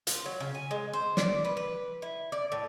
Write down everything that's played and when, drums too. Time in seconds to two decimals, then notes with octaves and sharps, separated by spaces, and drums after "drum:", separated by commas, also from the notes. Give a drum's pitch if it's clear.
0.07 F4, drum: hi-hat
0.26 F#3
0.40 C#3
0.55 G#5
0.71 G#3
0.93 C5
1.17 D5, drum: snare
1.45 B4
1.57 B4
2.02 E4
2.32 D5
2.52 A2